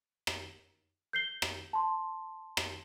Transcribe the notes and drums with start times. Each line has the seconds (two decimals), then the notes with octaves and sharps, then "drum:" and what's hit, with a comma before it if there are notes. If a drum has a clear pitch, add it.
0.27 drum: rim click
1.13 G6 C7 G7
1.42 drum: rim click
1.73 A5 C6
2.57 drum: rim click